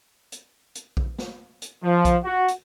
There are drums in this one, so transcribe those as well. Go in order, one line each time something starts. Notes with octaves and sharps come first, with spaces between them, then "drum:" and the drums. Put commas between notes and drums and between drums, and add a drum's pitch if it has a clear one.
drum: hi-hat
drum: hi-hat
drum: kick A#1
drum: snare
drum: hi-hat
F3
drum: kick A#1, hi-hat
F#4
drum: hi-hat